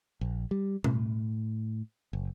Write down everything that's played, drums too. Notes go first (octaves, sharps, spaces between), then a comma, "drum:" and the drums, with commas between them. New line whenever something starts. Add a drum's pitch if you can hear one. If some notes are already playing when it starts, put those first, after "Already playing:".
A#1
G3
A2, drum: tom B2
F#1